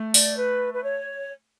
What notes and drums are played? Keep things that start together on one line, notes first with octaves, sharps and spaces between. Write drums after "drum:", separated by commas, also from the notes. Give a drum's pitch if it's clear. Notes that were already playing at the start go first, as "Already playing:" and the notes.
Already playing: A3
D5, drum: open hi-hat
B4
B4
C#5